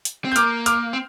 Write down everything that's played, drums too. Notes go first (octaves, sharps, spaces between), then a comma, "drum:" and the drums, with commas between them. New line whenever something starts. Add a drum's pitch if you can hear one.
drum: hi-hat
C4
G6
A#3 D6 F6, drum: hi-hat
D6 F6, drum: hi-hat
C4